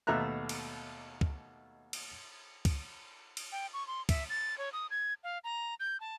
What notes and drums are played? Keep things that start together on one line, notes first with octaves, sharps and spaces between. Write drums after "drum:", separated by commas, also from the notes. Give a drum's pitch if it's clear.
D#2 B2 A3 E5 A#5 F#6
drum: cymbal
drum: kick
drum: cymbal
drum: kick, cymbal
drum: cymbal
G5
C#6
C6
E5, drum: kick, cymbal
A6
C#5
D#6
G#6
F5
A#5
G6
A5